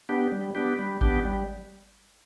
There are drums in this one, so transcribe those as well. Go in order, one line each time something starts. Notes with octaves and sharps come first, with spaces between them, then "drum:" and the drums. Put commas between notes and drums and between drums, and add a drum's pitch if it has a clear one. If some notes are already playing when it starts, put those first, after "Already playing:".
B3 D4 G4
G3
B3 D4 G4
G3
B3 D4 G4, drum: kick G#1
G3